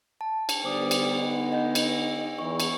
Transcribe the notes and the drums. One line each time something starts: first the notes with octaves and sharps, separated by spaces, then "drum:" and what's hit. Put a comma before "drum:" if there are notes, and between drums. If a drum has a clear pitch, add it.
A5
drum: cymbal
D3 G3 B3 C5 D6 D#6
drum: cymbal
D#4 F#5
D#5 F#5 G6
drum: cymbal
E2 C#6
drum: cymbal